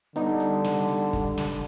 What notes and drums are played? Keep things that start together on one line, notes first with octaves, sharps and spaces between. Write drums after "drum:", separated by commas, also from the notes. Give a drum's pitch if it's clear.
D3 G3 B3 D#4 D5, drum: hi-hat
drum: hi-hat
drum: snare
drum: hi-hat
drum: kick, hi-hat
drum: snare